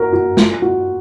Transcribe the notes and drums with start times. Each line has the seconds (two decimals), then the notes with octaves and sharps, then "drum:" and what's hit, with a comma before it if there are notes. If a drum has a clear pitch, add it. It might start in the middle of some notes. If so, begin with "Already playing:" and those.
Already playing: F#4 A#4
0.13 F#4
0.37 F4, drum: snare
0.62 F#4